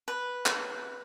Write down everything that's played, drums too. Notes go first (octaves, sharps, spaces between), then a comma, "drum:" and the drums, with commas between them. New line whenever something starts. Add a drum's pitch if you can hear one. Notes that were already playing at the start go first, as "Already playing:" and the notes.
B4
drum: clap